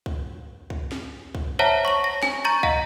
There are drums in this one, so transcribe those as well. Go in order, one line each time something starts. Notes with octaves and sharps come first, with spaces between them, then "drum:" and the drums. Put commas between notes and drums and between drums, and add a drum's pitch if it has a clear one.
drum: kick
drum: kick
drum: snare
drum: kick
C5 C#5 E5 F#5 A5 A#5
C#5 C#6 A#6 F#7
A#6
G#5, drum: snare
A#5 C#6 G6 A6
D#5 F5 F#5 A#5, drum: kick